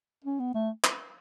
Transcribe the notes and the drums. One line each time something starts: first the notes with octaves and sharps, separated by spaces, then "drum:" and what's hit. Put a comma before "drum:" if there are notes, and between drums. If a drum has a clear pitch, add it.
C#4
B3
A3
drum: clap